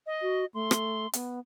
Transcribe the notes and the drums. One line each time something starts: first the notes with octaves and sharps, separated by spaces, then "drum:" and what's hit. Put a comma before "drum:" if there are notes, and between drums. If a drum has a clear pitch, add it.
D#5
F#4
A3 C6
drum: rim click
B3, drum: hi-hat